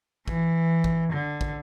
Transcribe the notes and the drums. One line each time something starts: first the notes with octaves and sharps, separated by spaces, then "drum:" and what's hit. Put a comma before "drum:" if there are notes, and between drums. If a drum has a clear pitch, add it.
E3, drum: kick
drum: kick
D3
drum: kick